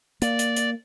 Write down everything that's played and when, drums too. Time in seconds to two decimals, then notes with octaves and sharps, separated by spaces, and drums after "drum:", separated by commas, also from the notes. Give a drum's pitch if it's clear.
0.22 A#3 D5, drum: hi-hat
0.39 drum: hi-hat
0.56 drum: hi-hat